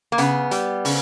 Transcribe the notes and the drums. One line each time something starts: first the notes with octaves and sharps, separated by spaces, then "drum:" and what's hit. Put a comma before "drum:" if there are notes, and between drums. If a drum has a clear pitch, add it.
A#3
C#3 B3, drum: hi-hat
G3, drum: hi-hat
C#3, drum: open hi-hat